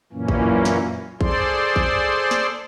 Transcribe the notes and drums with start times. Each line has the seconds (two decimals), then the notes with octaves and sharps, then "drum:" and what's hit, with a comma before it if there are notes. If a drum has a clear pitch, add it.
0.12 F#2 A#2 E3 A#3 C#4
0.28 drum: kick A#1
0.65 drum: snare
1.21 G#4 A4 C5 D5 C6, drum: kick A#1
1.76 drum: kick A#1
2.31 drum: snare